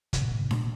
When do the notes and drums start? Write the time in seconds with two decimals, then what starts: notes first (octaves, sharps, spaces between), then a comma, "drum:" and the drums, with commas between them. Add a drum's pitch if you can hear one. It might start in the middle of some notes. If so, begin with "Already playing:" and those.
0.13 C3, drum: kick, hi-hat
0.22 A#2
0.32 A2
0.41 C3
0.51 A#2, drum: snare D4